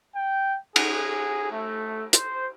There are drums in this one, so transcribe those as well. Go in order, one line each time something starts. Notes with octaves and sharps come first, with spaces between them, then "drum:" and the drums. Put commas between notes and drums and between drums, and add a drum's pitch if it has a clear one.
G5
G#4, drum: cymbal
A3
C5, drum: hi-hat